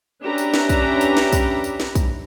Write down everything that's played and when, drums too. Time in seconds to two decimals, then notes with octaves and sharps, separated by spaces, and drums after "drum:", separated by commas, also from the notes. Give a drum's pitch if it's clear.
0.22 C#4 D4 G4 B4 E5 A#5
0.38 drum: tambourine
0.54 drum: snare
0.69 drum: kick, tambourine
1.01 drum: tambourine
1.17 drum: snare
1.32 drum: kick, tambourine
1.64 drum: tambourine
1.80 drum: snare
1.95 drum: kick, tambourine